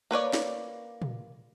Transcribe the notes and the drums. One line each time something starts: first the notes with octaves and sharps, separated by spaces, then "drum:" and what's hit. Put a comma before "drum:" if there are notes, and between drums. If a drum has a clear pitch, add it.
A#3 B4 C#5 D5
drum: snare
drum: tom